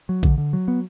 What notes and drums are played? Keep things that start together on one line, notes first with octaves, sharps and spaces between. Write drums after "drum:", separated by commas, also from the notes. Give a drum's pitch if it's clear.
F#3
D3, drum: kick A#1
D3
F#3
B3